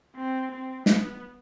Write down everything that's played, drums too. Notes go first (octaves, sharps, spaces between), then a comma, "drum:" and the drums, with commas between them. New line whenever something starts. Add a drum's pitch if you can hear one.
C4
C4
B3, drum: snare